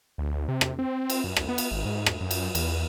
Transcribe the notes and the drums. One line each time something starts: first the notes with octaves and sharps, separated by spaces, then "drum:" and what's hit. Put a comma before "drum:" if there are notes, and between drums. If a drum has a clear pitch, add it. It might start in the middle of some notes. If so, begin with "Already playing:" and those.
D2
C3
drum: rim click
C4
drum: cymbal
F#2
C2, drum: rim click
B3
drum: cymbal
G#1
G#2
drum: rim click
F#2
drum: cymbal
E2, drum: cymbal